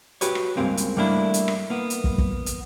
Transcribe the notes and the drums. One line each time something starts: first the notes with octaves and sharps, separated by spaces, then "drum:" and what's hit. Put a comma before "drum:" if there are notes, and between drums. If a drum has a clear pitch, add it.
F#4 G4 B4 C#5, drum: hi-hat
drum: rim click
C#2 G2 G#3 A#3 C4
drum: hi-hat
G3 A3 A#3 D4 E4
drum: hi-hat
drum: rim click
A#3 B3
drum: hi-hat
drum: kick
drum: kick
drum: hi-hat